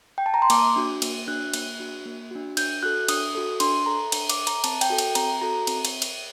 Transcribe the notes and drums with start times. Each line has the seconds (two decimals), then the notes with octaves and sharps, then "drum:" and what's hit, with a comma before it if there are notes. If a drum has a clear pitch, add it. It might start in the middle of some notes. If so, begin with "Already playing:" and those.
0.18 G5
0.26 A5
0.34 A#5
0.42 C6
0.50 A#3 D6, drum: cymbal
0.76 D4 F#4
1.02 A#3, drum: cymbal
1.28 D4 F#4 F#6
1.54 A#3, drum: cymbal
1.79 D4 F#4
2.05 A#3
2.31 D4 F#4
2.57 D4 G6, drum: cymbal
2.83 F#4 A4 F#6
3.08 D4 D#6, drum: cymbal
3.35 F#4 A4
3.60 D4 C6, drum: cymbal
3.86 A4 A#5
4.12 D4, drum: cymbal
4.29 D6, drum: cymbal
4.38 A4
4.47 A#5, drum: cymbal
4.64 C4 A5, drum: cymbal
4.81 G5, drum: cymbal
4.90 F#4 A4
4.98 G5, drum: cymbal
5.15 C4 A#5, drum: cymbal
5.41 F#4 A4 A#5
5.67 C4, drum: cymbal
5.85 drum: cymbal
6.02 drum: cymbal